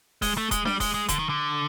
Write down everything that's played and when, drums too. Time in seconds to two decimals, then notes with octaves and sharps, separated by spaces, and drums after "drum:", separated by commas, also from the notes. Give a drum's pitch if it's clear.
0.22 G#3, drum: kick D#1, open hi-hat
0.37 A3
0.51 G#3, drum: kick D#1, hi-hat
0.65 G3, drum: snare D4
0.80 G#3, drum: kick D#1, open hi-hat
0.94 G#3
1.09 D3, drum: kick D#1, hi-hat
1.19 D#3
1.29 D3